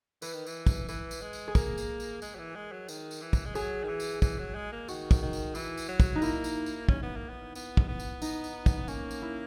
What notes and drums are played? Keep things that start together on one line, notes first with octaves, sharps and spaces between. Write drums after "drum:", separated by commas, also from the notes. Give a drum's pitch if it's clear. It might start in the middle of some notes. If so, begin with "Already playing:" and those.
E3 B4, drum: tambourine
D#3
E3, drum: tambourine
drum: kick, tambourine
E3 B4, drum: tambourine
drum: tambourine
G#3
drum: tambourine
G#4
A#3 A#4, drum: kick, tambourine
drum: tambourine
drum: tambourine
G#3, drum: tambourine
F#3
E3
G#3
F#3
D#3, drum: tambourine
drum: tambourine
E3
drum: kick, tambourine
G#3
F#3 G#4, drum: tambourine
D#3
E3
drum: tambourine
E3, drum: kick, tambourine
F#3
G#3
A#3
D#3 F#4, drum: tambourine
drum: kick, tambourine
D#3
drum: tambourine
E3 E4, drum: tambourine
drum: tambourine
F#3
drum: kick, tambourine
D#4
A#3 E4, drum: tambourine
drum: tambourine
drum: tambourine
C#4, drum: kick
B3
A#3
B3
B3, drum: tambourine
drum: kick
B3
drum: tambourine
D#4, drum: tambourine
drum: tambourine
drum: kick, tambourine
A#3 C#4, drum: tambourine
drum: tambourine
E4